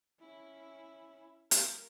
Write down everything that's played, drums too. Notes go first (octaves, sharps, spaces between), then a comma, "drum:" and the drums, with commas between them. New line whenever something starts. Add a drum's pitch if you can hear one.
C#4 E4
A#4, drum: hi-hat